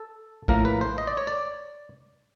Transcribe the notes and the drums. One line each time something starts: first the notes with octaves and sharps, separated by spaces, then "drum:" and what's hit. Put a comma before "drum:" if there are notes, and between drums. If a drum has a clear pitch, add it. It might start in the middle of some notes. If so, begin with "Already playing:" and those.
Already playing: A4
A2 F3 A#3 A#4, drum: kick A1
B4
C5
D#5
D5
C#5
D5